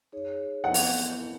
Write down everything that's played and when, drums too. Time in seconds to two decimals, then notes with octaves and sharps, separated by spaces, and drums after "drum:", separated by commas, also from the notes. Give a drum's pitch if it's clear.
0.12 D#4 G#4 C#5
0.64 B3 E4 A#4 F#5
0.74 drum: open hi-hat